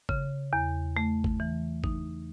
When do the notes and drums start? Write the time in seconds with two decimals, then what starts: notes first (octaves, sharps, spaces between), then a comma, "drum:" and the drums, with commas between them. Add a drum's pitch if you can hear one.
0.09 C#3, drum: kick
0.53 E2
0.97 A3
1.24 drum: kick
1.40 E3
1.84 D#4, drum: kick